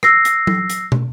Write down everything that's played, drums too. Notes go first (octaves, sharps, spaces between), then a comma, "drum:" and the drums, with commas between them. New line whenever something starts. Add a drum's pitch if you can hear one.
E6 A#6 C7, drum: rim click
drum: hi-hat
drum: tom F#3
drum: hi-hat
drum: tom